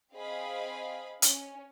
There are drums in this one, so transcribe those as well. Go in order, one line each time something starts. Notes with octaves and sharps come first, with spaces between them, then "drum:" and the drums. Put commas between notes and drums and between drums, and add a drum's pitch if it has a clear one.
C4 G#4 D#5 F5 B5
C#4, drum: hi-hat